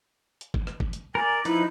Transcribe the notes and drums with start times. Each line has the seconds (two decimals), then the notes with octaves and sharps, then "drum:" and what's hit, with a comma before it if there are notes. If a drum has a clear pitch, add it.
0.41 drum: hi-hat
0.54 drum: kick
0.67 drum: rim click
0.80 drum: kick
0.93 drum: hi-hat
1.15 A#4 D5 G#5
1.45 F3 D#4 E4 B4, drum: hi-hat